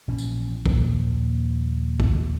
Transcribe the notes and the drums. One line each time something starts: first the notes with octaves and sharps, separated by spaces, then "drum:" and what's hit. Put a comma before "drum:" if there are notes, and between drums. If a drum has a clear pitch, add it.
A#1 B2 E3 C#4
drum: tambourine
D#2 A#2 F3, drum: kick
drum: kick